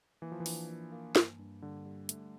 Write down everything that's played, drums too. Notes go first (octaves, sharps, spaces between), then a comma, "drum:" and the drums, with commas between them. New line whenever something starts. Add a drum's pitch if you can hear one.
E3 A#3
F3
E3
D4, drum: open hi-hat
A#3
A#3
G2, drum: snare
G2
D3 G3
G3
A3, drum: hi-hat